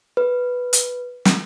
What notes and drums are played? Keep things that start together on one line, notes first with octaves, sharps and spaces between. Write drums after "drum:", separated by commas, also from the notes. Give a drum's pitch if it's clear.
B4
drum: hi-hat
drum: snare